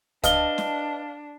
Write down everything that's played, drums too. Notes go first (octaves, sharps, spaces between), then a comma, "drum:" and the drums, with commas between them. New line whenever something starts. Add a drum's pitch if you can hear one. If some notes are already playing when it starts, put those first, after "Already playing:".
D4 B4 D#5 F5 A5 F6 G7, drum: kick C#2, hi-hat
drum: snare